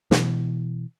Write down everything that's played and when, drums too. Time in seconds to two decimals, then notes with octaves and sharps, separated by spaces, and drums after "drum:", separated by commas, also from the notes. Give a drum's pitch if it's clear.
0.11 B2 E3, drum: snare